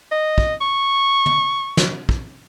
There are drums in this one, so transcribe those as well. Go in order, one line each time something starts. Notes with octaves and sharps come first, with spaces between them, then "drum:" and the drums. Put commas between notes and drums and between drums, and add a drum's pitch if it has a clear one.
D#5
drum: kick
C#6
drum: tom
drum: snare
drum: kick